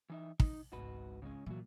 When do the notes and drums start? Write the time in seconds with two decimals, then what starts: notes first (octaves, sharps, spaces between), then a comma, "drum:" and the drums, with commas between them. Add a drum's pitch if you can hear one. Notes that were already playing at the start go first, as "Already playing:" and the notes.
0.10 E3 D#4 E5
0.40 D#4, drum: kick
0.72 G#1 C#2 G#2 F#4 B4
1.22 C#3 G#3 C#4
1.46 A#2 E3 F#3 F#4